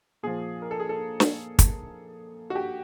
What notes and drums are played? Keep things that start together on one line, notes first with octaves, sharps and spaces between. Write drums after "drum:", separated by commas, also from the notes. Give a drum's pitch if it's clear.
A#2 F3 G#4
A#4
A4
G#4
A4
drum: snare
drum: kick, hi-hat
F#4
G4